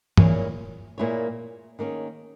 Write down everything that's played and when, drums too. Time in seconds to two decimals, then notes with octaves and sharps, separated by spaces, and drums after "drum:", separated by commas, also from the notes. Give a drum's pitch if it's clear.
0.17 A#2 A#3 E4 G#4 C#5, drum: tom G2
0.98 A#2 A#3 E4 G#4 C#5
1.79 D#3 A#3 C#4 G#4